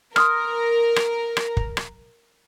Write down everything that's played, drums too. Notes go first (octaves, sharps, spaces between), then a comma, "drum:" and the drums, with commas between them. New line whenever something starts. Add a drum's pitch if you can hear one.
A#4 C6 D#6 F6, drum: rim click
drum: rim click
drum: rim click
drum: kick
drum: rim click